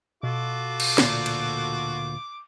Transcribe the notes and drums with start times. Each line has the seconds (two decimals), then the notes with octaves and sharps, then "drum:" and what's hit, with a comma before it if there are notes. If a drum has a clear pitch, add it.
0.23 B2 F4 F#4 A4 D6
0.80 drum: cymbal
0.98 D2 A#2, drum: snare
1.26 drum: cymbal